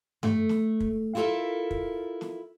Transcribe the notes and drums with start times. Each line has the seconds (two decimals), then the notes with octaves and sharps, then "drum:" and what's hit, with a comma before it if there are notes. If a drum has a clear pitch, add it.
0.23 A3, drum: tom G2
0.49 drum: snare
0.80 drum: kick
1.15 E4 F4 G4 A4 A#4 E5
1.71 drum: kick
2.21 drum: snare